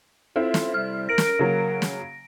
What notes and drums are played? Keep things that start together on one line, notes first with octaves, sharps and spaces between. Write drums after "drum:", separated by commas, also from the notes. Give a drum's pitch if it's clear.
C4 E4 F4 A4 E5
drum: snare
C3 G3 F6
A#4 A#6 D7
drum: snare
C#3 F#3 A#3
drum: snare